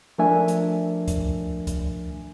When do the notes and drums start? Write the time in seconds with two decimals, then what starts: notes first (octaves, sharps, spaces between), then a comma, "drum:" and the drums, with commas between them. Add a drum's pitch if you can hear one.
0.18 F3 A3 D4 A#4 E5 G#5
0.48 drum: hi-hat
1.08 drum: kick C#2, hi-hat
1.67 drum: kick C#2, hi-hat